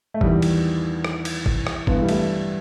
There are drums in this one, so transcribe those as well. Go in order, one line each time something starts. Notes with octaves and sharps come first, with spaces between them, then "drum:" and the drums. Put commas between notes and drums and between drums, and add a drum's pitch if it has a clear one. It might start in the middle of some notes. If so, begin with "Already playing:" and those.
A3
E2 G3, drum: kick
D#3
drum: cymbal
drum: rim click
drum: cymbal
drum: kick
drum: rim click
G2 E3 B3, drum: kick
G3
A3, drum: cymbal